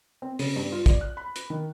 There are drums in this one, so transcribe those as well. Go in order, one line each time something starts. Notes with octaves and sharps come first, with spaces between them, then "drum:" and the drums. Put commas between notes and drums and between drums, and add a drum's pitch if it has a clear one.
C4
C#3, drum: open hi-hat
G2
F4
D5, drum: kick, hi-hat
F#6
B5
drum: hi-hat
D#3